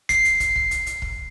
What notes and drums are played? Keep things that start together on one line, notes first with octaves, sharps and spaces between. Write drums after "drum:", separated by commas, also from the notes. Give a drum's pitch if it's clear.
C7, drum: kick, hi-hat
drum: hi-hat
drum: kick, hi-hat
drum: kick
drum: hi-hat
drum: hi-hat
drum: kick